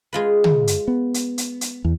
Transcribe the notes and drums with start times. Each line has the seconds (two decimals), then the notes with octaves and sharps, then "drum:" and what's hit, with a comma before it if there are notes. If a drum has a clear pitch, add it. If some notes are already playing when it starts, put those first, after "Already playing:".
0.13 G#3 F4 B4
0.44 drum: tom
0.67 drum: hi-hat
0.88 B3
1.14 drum: hi-hat
1.38 drum: hi-hat
1.61 drum: hi-hat
1.85 E2